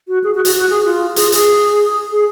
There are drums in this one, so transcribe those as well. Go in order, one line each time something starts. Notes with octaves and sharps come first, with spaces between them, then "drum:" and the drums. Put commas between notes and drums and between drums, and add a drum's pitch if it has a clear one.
F#4
G#4
F#4
F#4, drum: hi-hat
F#4
G#4
F4
G#4, drum: hi-hat
G#4, drum: hi-hat
G#4